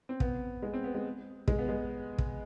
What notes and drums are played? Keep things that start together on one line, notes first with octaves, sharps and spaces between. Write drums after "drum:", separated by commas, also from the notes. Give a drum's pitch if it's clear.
C4
B3, drum: kick
G#3
C4
B3
G#3
G#3, drum: kick
B3
G#3
drum: kick